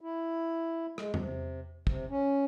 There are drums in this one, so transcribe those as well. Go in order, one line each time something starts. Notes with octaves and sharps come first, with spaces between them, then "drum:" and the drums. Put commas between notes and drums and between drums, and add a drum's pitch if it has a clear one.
E4
G#3, drum: rim click
C3, drum: tom
C3, drum: kick
C#4